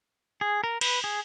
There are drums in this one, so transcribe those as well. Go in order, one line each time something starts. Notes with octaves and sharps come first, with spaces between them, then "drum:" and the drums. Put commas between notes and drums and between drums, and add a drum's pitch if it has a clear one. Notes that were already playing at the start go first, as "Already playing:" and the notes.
G#4
A#4
B4, drum: cymbal
G#4